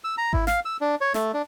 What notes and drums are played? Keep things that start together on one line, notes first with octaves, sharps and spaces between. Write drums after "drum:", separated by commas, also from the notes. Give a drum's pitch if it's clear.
E6
A#5
E4, drum: kick G#1
F5, drum: snare
E6
D4
C#5
A3, drum: snare
D4